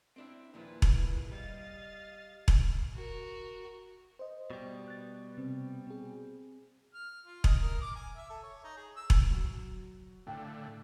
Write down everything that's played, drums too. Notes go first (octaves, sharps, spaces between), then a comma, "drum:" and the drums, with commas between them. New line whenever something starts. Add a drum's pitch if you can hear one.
C4 D4 E4
D#2 A#2 F3 E4 G#4 B4
drum: kick E1
G3 D#5 F5 A6
drum: kick E1
F#4 A#4
C5 D#5
B2 G3
F#6 A6
C3 C4
C4 G#4
F6
F4
D#5, drum: kick E1
A#4
D6
G#5
E5
A4
C#5
D#4
G#4
E6
drum: kick E1
F#3 F#4
A2 D3 F5 G5